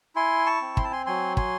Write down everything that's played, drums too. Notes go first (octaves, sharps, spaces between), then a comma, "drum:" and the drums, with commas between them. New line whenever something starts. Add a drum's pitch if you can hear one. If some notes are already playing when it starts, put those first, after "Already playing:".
E4 G#5 C6
A5 C#6
C4
C6, drum: kick
A5
G#5 C6
F#3 G#5 C6
G#5 C6, drum: kick